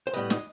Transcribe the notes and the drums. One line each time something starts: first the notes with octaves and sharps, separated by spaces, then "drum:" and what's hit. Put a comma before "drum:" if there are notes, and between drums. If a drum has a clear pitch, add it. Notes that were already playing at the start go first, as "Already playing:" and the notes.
C5
A2 G3 B3 D#5
D#5, drum: snare